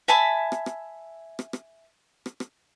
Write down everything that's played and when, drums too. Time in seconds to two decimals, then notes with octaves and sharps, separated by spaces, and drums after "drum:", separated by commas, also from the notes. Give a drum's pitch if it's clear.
0.08 E5 G#5 A5 B5
0.52 drum: rim click
0.66 drum: rim click
1.39 drum: rim click
1.53 drum: rim click
2.26 drum: rim click
2.40 drum: rim click